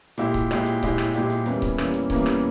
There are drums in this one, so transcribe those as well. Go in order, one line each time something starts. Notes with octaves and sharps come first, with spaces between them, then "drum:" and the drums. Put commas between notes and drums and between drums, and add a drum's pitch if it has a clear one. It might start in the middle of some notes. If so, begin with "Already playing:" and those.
A#2 G#3 E4 G4, drum: hi-hat
drum: kick C#1, hi-hat
A#2 G#3 E4 G4, drum: rim click
drum: hi-hat
A#2 G#3 E4 G4, drum: kick C#1, hi-hat
drum: rim click
A#2 G#3 E4 G4, drum: hi-hat
drum: hi-hat
E2 E3 G3 A#3 C#4, drum: hi-hat
drum: kick C#1, hi-hat
E2 E3 G3 A#3 C#4, drum: rim click
drum: hi-hat
E2 E3 G3 A#3 C#4, drum: kick C#1, hi-hat
drum: rim click